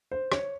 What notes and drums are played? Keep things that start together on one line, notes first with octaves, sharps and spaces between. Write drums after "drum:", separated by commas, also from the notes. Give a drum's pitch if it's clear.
C5
C#5, drum: rim click